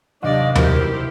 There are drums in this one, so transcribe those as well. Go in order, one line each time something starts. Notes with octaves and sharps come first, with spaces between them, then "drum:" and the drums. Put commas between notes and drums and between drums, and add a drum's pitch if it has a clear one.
D#2 C3 F#3 D4 G4 D5 D#5
B2 D#3 E4 G4 A#4 C5, drum: tom D#2